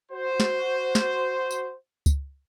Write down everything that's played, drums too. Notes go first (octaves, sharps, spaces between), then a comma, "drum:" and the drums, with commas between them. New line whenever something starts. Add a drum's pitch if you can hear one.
F#4 C5
drum: snare
drum: snare
drum: tambourine
drum: kick C#2, tambourine